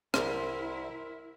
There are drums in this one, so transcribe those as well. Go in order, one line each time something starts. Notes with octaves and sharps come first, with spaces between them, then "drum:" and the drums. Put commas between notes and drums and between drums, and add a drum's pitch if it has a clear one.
C2 E4 A#4 C6, drum: rim click